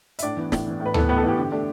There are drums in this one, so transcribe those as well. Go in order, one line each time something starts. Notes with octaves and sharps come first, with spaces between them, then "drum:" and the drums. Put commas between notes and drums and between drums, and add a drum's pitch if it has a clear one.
E5, drum: hi-hat
A2 D4 D5
E3 B3
A2, drum: snare
E3 B3
A2
B4
E3 B3 A4, drum: tom D2
A2 B3 B4
A4
E3 B3 G4
D3
A3 D4